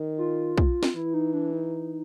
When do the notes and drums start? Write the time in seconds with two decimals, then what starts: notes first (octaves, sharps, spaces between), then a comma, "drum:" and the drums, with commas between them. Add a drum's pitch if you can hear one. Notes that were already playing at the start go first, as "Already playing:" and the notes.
Already playing: D#3
0.18 F4
0.58 drum: kick
0.83 drum: snare
0.95 E3 E4
1.14 D#4
1.34 D4
1.53 D#4